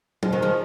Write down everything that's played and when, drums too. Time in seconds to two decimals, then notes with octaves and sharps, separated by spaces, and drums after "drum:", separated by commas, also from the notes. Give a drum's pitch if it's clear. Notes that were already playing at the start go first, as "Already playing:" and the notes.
0.23 F3 G#3, drum: tom
0.33 D#3 F#3
0.42 F3 G#3